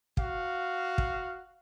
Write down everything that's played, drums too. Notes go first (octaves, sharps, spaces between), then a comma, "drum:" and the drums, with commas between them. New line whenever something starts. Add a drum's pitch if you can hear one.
F#4 F5, drum: kick
drum: kick